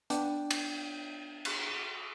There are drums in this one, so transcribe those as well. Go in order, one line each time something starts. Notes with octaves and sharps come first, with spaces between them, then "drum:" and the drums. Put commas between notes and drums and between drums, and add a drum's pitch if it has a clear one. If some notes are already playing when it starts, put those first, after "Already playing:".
B3 D4 D5 G5, drum: hi-hat
drum: cymbal
drum: cymbal